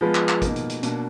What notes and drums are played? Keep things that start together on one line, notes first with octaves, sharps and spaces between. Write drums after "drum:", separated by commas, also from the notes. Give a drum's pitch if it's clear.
F3 G#3 B3 F4 B4
drum: clap
drum: clap
B2 A#3 D#4 A#4, drum: kick, hi-hat
drum: hi-hat
drum: hi-hat
B2 A#3 D4, drum: hi-hat